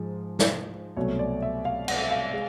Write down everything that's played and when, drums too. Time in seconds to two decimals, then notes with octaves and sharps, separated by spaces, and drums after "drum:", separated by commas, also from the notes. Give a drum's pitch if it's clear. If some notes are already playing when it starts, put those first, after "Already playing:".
Already playing: G#2 F3 G#3
0.39 drum: snare
0.96 C2 B2 F#3 A3 C#5
1.19 D5
1.42 E5
1.65 F5
1.88 F#5, drum: cymbal
2.02 E5
2.11 F5
2.33 G#3